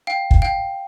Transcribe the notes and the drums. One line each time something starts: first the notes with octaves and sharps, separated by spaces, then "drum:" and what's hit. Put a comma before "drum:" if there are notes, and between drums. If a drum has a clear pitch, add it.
F5 G5
drum: kick
F5 G5